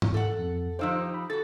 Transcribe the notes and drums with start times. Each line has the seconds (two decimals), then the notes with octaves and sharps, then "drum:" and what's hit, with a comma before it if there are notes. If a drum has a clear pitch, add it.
0.02 drum: tom G#2
0.14 A4 F#5
0.39 F2
0.79 F3 D#4 G4 C5 F5 E6
1.14 B5
1.30 F#4 A4 A6